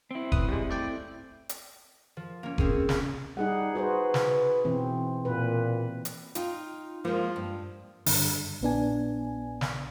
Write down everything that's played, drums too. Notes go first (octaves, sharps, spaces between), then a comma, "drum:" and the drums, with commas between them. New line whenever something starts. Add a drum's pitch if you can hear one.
C4 E4
A1 B4 D#6, drum: kick F1
G3 G#3
A3 D5 G5
drum: hi-hat
F3
A#3 C#4
C4 C#4 G#4, drum: kick F1
drum: snare
G3 D#4 G#4 F#5
F#4 G#4 B4 C5
drum: snare
B2 E3 C4
A#2 B4
drum: hi-hat
D#4 F4 G5, drum: hi-hat
F3 G#3 A#3
G2
G2 D3, drum: open hi-hat
A#1 B3 D4 G#5
drum: snare